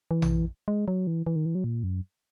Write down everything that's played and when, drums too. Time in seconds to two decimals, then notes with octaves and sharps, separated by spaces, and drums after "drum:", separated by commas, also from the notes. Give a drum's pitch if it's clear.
0.11 E3
0.22 drum: tom A#1
0.68 G#3
0.88 F#3
1.07 E3
1.27 E3
1.36 D#3
1.46 E3
1.55 F#3
1.64 A#2
1.84 F#2